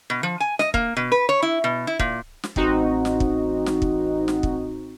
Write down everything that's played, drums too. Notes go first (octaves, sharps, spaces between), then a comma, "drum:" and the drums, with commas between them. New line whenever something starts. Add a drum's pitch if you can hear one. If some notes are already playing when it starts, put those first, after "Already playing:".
B2
F3
G#5
D#5, drum: snare
A#3, drum: kick
B2
B4
C#5
E4
B2
E4
A#2, drum: kick
drum: snare
A1 C4 D#4 F#4, drum: kick
drum: snare
drum: kick
drum: snare
drum: kick
drum: snare
drum: kick